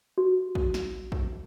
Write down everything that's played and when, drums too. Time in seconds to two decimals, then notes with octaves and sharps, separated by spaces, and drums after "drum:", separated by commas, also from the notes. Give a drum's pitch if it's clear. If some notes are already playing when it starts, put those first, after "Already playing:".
0.18 F#4
0.55 drum: kick
0.74 drum: snare
1.12 drum: kick